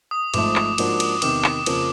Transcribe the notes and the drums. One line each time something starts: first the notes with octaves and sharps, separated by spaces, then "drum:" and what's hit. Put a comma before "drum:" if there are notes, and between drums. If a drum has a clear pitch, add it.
D#6
G#1 G#2 F3 A3 D6, drum: cymbal
drum: clap
G#2 F3 A#3 D4 F#4, drum: cymbal
drum: cymbal
E2 C3 D#3 D6, drum: cymbal
drum: clap
F2 C#3 F3 A#3, drum: cymbal